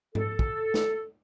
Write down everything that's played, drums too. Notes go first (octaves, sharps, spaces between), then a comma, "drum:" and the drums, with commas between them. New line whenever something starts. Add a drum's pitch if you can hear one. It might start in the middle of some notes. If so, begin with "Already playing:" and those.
A4, drum: tom G#2
drum: kick
drum: snare